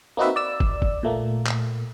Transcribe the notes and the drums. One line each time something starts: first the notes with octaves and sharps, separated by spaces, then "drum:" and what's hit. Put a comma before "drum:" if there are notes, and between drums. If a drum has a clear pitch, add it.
A#3 C4 D#4 F#4 B4 E5
D5 E6
drum: kick
drum: kick
A#2 A3 A#3
drum: clap